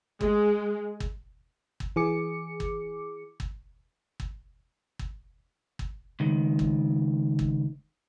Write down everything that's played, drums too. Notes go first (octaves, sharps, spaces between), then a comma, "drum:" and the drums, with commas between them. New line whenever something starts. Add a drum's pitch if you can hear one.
G#3, drum: kick
drum: kick
drum: kick
E3 G#4 D6 C#7
drum: kick
drum: kick
drum: kick
drum: kick
drum: kick
C#2 D#3
drum: kick
drum: kick